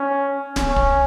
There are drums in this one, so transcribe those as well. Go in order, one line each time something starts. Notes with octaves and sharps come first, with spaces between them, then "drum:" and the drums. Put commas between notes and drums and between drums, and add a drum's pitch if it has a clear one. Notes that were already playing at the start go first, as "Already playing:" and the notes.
Already playing: C#4
C#4, drum: snare D1
drum: kick